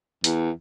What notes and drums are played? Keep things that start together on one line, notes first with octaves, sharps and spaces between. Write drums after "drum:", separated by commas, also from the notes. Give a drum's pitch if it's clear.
E2, drum: hi-hat